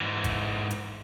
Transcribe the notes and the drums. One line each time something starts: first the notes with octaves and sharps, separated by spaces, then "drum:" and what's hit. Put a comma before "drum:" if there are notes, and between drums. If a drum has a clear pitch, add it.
G#2 E3
drum: kick G#1, hi-hat
drum: hi-hat